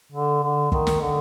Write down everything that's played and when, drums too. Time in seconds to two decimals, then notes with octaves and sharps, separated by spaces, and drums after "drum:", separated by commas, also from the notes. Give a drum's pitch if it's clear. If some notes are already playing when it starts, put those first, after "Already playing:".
0.12 D3
0.43 D3
0.72 D#3, drum: kick
0.87 drum: snare
1.01 D3